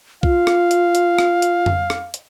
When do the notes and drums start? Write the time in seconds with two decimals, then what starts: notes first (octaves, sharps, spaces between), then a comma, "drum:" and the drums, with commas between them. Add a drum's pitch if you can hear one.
0.23 F4 F5, drum: kick B1
0.47 drum: rim click
0.71 drum: hi-hat
0.95 drum: hi-hat
1.19 drum: rim click
1.42 drum: hi-hat
1.66 drum: tom F2
1.90 drum: rim click
2.14 drum: hi-hat